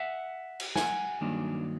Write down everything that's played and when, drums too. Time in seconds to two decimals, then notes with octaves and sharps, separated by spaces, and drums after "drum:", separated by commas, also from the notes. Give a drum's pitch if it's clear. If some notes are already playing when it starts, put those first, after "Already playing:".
Already playing: E5 F#5
0.60 drum: cymbal
0.76 F#5 G#5, drum: snare
1.21 G2 D#3 F#3 A#3 D4